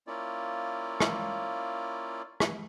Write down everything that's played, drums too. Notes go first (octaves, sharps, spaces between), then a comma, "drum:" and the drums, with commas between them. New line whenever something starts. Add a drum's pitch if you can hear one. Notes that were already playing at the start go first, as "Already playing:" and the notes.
A#3 C#4 E4 F4 D5
drum: rim click
drum: rim click